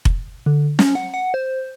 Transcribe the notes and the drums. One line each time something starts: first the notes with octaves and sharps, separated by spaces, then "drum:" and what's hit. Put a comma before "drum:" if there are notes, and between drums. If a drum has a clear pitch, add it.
drum: kick F1
D3
C#4, drum: snare
F#5
F#5
C5